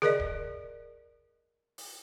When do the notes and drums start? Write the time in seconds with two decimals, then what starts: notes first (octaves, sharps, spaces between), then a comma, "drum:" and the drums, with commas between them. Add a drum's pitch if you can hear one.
0.02 G#4 A#4 D5 D#5, drum: snare
0.19 drum: kick D1
1.78 drum: open hi-hat